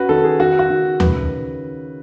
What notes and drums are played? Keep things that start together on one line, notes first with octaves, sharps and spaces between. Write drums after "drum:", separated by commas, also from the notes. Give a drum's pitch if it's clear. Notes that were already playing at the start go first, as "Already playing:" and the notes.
Already playing: C#4 F#4 B4
D#3 A4
G#4
D#3 F#4
F#4
D#3
C#3 B4, drum: tom D#2